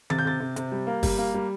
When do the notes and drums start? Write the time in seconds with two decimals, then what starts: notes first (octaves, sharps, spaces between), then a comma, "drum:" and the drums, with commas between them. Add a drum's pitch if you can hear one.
0.10 C3 A6, drum: tom D#3
0.19 G6
0.25 C3 A6
0.40 C3
0.56 C3, drum: hi-hat
0.72 G3
0.87 A#3
1.03 G3, drum: kick, open hi-hat
1.18 A#3
1.34 G3